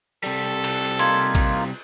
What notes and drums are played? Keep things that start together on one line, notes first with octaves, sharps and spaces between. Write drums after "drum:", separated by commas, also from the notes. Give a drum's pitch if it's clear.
C3 G3 A4
drum: cymbal
A#3 D#4 F4 C6 G#6, drum: cymbal
drum: kick, cymbal